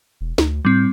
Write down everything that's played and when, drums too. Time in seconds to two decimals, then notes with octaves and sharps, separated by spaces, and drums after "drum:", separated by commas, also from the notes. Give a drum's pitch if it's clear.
0.21 E1
0.38 D2, drum: snare
0.65 A2 G3 C4